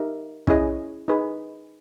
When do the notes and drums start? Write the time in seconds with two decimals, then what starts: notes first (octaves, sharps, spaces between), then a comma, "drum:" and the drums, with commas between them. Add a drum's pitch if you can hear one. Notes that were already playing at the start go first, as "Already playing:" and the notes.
Already playing: D#4 G4 A#4 E5
0.47 C#4 E4 G#4 D#5, drum: kick
1.08 D#4 G#4 B4